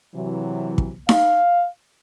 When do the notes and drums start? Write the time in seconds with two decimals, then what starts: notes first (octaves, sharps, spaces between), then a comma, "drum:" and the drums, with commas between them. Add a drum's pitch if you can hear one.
0.15 C3 E3 F#3
0.78 drum: kick
1.09 F5, drum: snare D#4